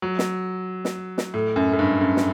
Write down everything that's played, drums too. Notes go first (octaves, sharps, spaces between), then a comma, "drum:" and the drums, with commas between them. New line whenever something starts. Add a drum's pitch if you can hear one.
F#3
drum: snare
drum: snare
drum: snare
A2
F#2
F#2
G2
F#2
drum: snare